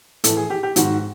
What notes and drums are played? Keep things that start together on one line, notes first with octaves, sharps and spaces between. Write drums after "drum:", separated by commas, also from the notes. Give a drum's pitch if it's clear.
A2 E3 A4, drum: hi-hat
G#4
G4
G4
G#2 D#3 F#4, drum: hi-hat